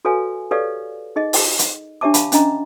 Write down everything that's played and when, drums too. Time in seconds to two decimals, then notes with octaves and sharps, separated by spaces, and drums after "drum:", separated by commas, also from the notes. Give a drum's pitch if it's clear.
0.05 F#4 A4 B4 C#5 F5 G#5
0.51 G4 A4 B4 C#5 D5 F5
1.16 D#4 G#4 D#5
1.33 drum: open hi-hat
1.59 drum: hi-hat
2.01 D4 G4 C#5 E5 A5 D6
2.14 F5 A5 B5, drum: hi-hat
2.32 C#4 D4 D#5 A#5, drum: hi-hat